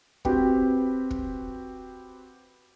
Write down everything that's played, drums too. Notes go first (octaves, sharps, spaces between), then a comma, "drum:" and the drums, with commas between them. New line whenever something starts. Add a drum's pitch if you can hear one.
C4 F#4 G4 B4, drum: kick
drum: kick